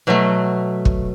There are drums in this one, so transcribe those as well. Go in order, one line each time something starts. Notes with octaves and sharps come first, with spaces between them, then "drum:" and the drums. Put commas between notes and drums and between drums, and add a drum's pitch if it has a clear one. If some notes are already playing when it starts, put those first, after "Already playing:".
B2 F#3 A3
drum: kick